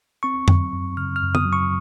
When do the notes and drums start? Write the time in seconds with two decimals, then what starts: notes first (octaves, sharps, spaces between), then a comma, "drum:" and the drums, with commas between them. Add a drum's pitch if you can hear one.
0.23 C4 C#6
0.48 F#3, drum: tom F2
0.73 F#2
0.97 C#3 F6
1.16 F6
1.22 F#2
1.35 D#6, drum: tom
1.46 F#3
1.53 C#6